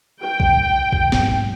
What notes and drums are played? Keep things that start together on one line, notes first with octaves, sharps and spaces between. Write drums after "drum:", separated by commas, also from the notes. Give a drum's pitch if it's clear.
G5
drum: kick B1
drum: kick B1
G#2 F#3, drum: snare